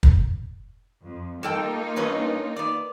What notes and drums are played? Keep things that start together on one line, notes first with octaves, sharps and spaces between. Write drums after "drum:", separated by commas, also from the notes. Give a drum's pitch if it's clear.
drum: kick
F2
G3 A#3 D#4 F4 A4 G5
G2 C#4 B4
B3 D5